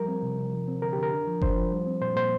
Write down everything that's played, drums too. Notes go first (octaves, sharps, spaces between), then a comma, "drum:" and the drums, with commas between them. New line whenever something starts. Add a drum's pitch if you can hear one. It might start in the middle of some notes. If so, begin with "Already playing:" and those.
Already playing: F3 G3 A#4
C4
C3
C3
F3
C4
D3 A#4
D3 G4
A#4
D4
F3
D4 C5, drum: kick F#1
F3
G3
C4
A#2 C5
A#2 C5